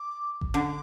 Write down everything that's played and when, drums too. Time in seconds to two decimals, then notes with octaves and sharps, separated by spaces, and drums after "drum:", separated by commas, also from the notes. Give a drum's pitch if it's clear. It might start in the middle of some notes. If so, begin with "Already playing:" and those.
Already playing: D6
0.41 drum: kick G1
0.54 D3 D6